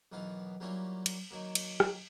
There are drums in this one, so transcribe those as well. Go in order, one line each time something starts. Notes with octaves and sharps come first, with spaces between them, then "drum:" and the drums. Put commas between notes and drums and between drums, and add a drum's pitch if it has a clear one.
B1 D#3 E3 B3 F5
F#3 G3 A#3 C#4 E4 F4
drum: cymbal
D#3 F#3 A#3
drum: cymbal
drum: rim click